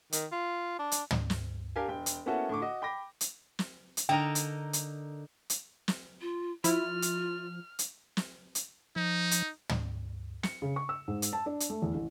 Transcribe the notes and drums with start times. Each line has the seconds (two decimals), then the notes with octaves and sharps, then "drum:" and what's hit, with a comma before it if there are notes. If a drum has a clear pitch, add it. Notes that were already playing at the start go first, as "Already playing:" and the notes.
0.12 D#3, drum: hi-hat
0.32 F4
0.79 D4
0.92 drum: hi-hat
1.11 drum: tom
1.30 drum: snare
1.76 D4 G4 A#4 F5 G#5
1.88 E1 G5
2.06 drum: hi-hat
2.26 A#3 B3 C#4 E4 F#4 A4
2.49 A2 D3 C#6 D6
2.62 F#4 D#5
2.82 G5 B5 D6 A#6
3.21 drum: hi-hat
3.59 drum: snare
3.97 drum: hi-hat
4.09 D3 D#4 A#4 G5
4.35 drum: hi-hat
4.73 drum: hi-hat
5.50 drum: hi-hat
5.88 drum: snare
6.21 F4
6.64 F3 E4 F4 F6, drum: hi-hat
7.02 drum: hi-hat
7.79 drum: hi-hat
8.17 drum: snare
8.55 drum: hi-hat
8.96 F3 D#4
9.31 drum: hi-hat
9.69 drum: tom
10.43 C#7, drum: snare
10.62 C#3
10.76 C#6
10.89 E6
11.08 G#2
11.22 drum: hi-hat
11.33 A5
11.46 D4
11.60 drum: hi-hat
11.70 A3
11.82 E2
11.95 A1